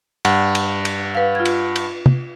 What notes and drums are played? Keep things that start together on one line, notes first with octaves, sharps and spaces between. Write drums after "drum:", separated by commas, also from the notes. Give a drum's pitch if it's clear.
G2 F#5, drum: cymbal
drum: cymbal
drum: cymbal
B4 F5
F4 G#6
drum: cymbal
drum: cymbal
drum: tom